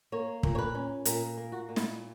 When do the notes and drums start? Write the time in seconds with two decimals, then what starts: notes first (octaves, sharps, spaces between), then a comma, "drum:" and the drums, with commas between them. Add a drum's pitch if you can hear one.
0.12 A#3 C#5
0.43 A#2, drum: kick
0.55 C#5
0.58 B4
0.74 C#4
1.05 A#2 A#4, drum: hi-hat
1.37 A#3
1.52 F#4
1.69 A#2
1.76 E4, drum: snare